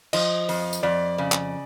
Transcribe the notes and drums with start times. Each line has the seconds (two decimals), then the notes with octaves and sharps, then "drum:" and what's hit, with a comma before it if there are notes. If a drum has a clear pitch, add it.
0.13 F3 D#5, drum: cymbal
0.49 F2, drum: open hi-hat
0.73 drum: tambourine
0.83 F2 D5
1.18 C#3
1.32 drum: clap